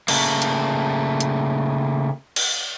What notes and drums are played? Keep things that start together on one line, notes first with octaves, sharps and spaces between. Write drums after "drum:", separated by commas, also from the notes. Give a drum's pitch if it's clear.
C#3 A3 A#3, drum: cymbal
drum: hi-hat
drum: hi-hat
drum: cymbal